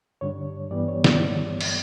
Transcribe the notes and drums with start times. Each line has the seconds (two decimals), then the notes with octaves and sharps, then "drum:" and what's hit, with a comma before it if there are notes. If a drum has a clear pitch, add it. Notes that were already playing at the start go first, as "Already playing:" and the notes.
0.21 G2 D3 G3 D4 C#5
0.71 G2 E3 G3 B3 D5
0.88 C#5
1.04 D5, drum: snare
1.61 drum: cymbal